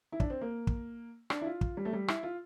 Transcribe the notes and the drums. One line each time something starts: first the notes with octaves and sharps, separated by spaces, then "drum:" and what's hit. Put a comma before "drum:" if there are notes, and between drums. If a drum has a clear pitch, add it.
E4
D4, drum: kick
C4
A#3
drum: kick
D4, drum: rim click
E4
F4
drum: kick
G3
A3
G3
E4, drum: rim click
F4